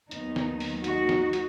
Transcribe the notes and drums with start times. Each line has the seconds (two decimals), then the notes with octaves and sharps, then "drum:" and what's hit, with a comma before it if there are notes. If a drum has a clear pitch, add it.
0.11 D#2 D#3 F#3 B3 D#4, drum: hi-hat
0.36 drum: snare
0.60 drum: open hi-hat
0.84 D#4 F#4, drum: hi-hat
1.09 drum: snare
1.33 drum: hi-hat